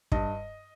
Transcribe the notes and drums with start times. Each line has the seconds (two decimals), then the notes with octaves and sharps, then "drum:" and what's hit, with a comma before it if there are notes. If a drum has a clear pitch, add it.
0.12 G2 D#5, drum: kick